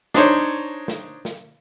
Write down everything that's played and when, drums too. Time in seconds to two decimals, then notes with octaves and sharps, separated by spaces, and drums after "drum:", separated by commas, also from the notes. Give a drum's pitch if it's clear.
0.14 D4 D#4 C5 C#5, drum: snare
0.88 drum: snare
1.25 drum: snare